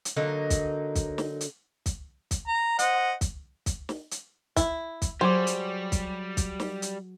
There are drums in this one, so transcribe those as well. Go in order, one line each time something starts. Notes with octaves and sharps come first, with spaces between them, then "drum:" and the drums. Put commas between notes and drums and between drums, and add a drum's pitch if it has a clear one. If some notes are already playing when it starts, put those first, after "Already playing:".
drum: hi-hat
D3 F#3 A#3 D#4
drum: kick, hi-hat
drum: kick, hi-hat
drum: snare
drum: hi-hat
drum: kick, hi-hat
drum: kick, hi-hat
A#5
C5 D#5 F#5, drum: hi-hat
drum: kick, hi-hat
drum: kick, hi-hat
drum: snare
drum: hi-hat
E4, drum: kick, hi-hat
drum: kick, hi-hat
F#3 G3 G#4 C5 D6
drum: hi-hat
drum: kick, hi-hat
drum: kick, hi-hat
drum: snare
drum: hi-hat